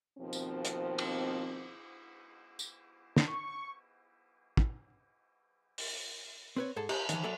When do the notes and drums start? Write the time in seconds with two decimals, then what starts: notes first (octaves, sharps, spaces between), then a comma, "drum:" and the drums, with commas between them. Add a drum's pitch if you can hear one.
0.19 D#2 B2 F3 C4
0.33 drum: tambourine
0.65 drum: hi-hat
0.98 drum: cymbal
2.59 drum: tambourine
3.17 drum: snare
3.27 C#6
4.57 drum: kick
5.78 drum: open hi-hat
6.57 C4 B4 C#5
6.76 G#2 G#4 A4 A5
6.89 G4, drum: cymbal
7.09 D#3 E3, drum: hi-hat
7.23 F#3 A4 D5 E5